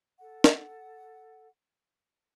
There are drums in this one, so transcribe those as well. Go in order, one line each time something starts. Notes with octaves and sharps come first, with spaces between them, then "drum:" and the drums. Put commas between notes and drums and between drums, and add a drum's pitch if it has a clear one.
A4 F#5
drum: snare